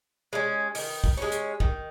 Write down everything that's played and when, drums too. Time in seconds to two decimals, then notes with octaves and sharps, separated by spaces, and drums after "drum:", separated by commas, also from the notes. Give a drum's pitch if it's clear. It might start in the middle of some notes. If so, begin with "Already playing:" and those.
0.33 G#3 C#4
0.75 D#3, drum: open hi-hat
1.04 drum: kick
1.17 G#3 C#4
1.32 drum: hi-hat
1.60 D#3, drum: kick